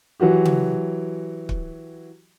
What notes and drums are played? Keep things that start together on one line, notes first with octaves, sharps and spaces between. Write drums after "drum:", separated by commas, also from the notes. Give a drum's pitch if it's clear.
E3 F#3 F#4 G4
drum: tom C#3
drum: kick